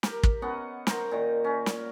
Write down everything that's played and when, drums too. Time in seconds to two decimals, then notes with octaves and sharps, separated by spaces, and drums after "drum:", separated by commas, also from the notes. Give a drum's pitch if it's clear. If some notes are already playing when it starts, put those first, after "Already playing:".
0.03 G4 A#4, drum: snare
0.23 drum: kick
0.42 B3 C#4 D#5 F#5
0.87 A#4 C5 A#5, drum: snare
1.11 A#2 D#3
1.44 C#4
1.66 drum: snare